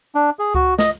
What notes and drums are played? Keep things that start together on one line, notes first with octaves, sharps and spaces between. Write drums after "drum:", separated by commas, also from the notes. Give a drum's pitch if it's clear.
D4
G#4
F#4, drum: kick C#2
D#5, drum: snare